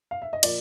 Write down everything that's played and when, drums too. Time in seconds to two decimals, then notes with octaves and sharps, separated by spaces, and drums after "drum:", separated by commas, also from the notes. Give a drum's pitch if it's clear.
0.11 F5
0.22 E5
0.33 D#5
0.43 A#2 F3 A#3 D5, drum: cymbal